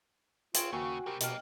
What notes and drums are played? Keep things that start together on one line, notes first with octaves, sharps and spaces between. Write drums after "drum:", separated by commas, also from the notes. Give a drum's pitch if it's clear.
C4 F4 G#4 G5 C#6 G#6 D7, drum: hi-hat
D#2 C#3 A#3 F#4 G5 G#5 C#6 E6
B2 C4 G4 A#4
F2 B2 A#3 D#5 G5 F6, drum: hi-hat